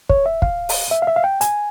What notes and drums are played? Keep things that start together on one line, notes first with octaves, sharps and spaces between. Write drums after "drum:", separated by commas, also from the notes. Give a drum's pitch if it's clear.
C#5, drum: kick
E5
F5, drum: kick
drum: open hi-hat
E5
F5
E5
F5
G5
G#5, drum: hi-hat